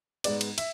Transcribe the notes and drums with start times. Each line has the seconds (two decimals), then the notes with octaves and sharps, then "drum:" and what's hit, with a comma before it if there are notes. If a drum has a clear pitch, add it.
0.24 G#2 G#3 B3 D5, drum: cymbal
0.41 drum: cymbal
0.58 E5, drum: cymbal